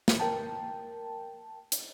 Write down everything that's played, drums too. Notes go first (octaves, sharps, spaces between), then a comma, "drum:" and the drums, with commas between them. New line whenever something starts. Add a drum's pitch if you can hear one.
drum: snare
A#4 G5 A5
drum: hi-hat